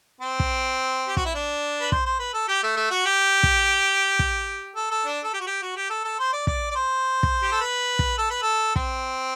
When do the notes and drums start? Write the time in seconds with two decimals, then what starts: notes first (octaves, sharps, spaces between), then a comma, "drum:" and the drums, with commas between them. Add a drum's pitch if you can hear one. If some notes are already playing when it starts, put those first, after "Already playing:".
0.21 C4
0.40 drum: kick
1.08 G4
1.17 F#4, drum: kick
1.26 E4
1.35 D4
1.81 B4
1.92 C5, drum: kick
2.06 C5
2.19 B4
2.34 A4
2.48 G4
2.63 A3
2.76 A3
2.91 F#4
3.06 G4
3.43 drum: kick
4.19 drum: kick
4.76 A4
4.91 A4
5.05 D4
5.23 A4
5.33 G4
5.41 F#4
5.47 G4
5.62 F#4
5.76 G4
5.90 A4
6.04 A4
6.19 C5
6.33 D5
6.47 D5, drum: kick
6.71 D5
6.76 C5
7.23 drum: kick
7.43 G4
7.52 A4
7.60 B4
7.99 drum: kick
8.18 A4
8.30 B4
8.42 A4
8.76 C4, drum: kick